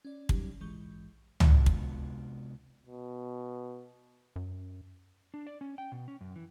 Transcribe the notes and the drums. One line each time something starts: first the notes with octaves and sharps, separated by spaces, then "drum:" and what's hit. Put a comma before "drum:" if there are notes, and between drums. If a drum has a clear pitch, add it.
C#4 D5
F#3 G3 C#4 D#4 G4, drum: kick
A#1 G#2 E3 G#3 C#6 G6
C3 G#3 B3 D4 F4 F#4, drum: tom C#2
drum: kick
B2
F#2
D4
D5
C#4
G5
B2
C#4
F#2
E3